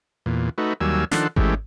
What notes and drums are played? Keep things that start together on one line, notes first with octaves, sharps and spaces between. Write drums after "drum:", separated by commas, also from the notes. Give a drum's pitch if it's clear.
E2 A#2
A3 D#4 F#4 B4
D#2 F#3 G3 A#3 G#5 E6
D#3 F3 D4 A4 F#5 C6, drum: snare
E3 G#3 A3 C#4 G4, drum: kick G#1